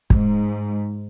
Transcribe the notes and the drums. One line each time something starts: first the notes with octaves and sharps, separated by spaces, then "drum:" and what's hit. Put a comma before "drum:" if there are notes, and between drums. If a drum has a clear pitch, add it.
G#2, drum: kick